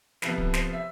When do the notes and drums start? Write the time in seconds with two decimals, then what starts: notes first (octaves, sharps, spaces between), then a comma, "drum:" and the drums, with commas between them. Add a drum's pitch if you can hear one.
0.22 F2 C3 F3 B3 B4, drum: snare
0.38 drum: kick D1
0.54 C5, drum: snare
0.73 E5